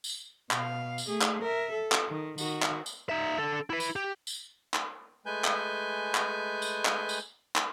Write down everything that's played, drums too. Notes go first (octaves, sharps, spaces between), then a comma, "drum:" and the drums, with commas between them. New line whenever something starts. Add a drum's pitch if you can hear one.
drum: tambourine
B2 F5, drum: clap
drum: tambourine
A3 G#4
drum: clap
A#4 E5
A4
drum: clap
D#3
D#3 F#4, drum: tambourine
drum: clap
drum: tambourine
D#4 E5
D3 A4
E4 B4
drum: tambourine
G4
drum: tambourine
drum: clap
G#3 A3 B4 G#5 G6
drum: clap
drum: clap
drum: tambourine
drum: clap
drum: tambourine
drum: clap